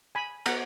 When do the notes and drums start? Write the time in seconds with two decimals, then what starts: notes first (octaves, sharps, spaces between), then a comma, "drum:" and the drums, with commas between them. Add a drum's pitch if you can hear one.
0.15 G#5 B5
0.46 B3 F#4 F#5 A#5, drum: cymbal